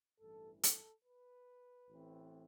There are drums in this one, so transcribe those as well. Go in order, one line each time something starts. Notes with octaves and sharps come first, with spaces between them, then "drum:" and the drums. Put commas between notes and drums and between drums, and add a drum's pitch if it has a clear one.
A1 G2 E3 A4
A4, drum: hi-hat
B4
A1 A2 E3 A3 C4